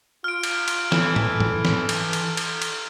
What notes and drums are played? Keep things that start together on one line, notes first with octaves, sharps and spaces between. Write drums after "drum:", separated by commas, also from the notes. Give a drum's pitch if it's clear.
F4 F6 D7
drum: cymbal
drum: cymbal
E3 A4, drum: snare
drum: tom G#2
drum: tom G#2
drum: snare
drum: cymbal
drum: cymbal
drum: cymbal
drum: cymbal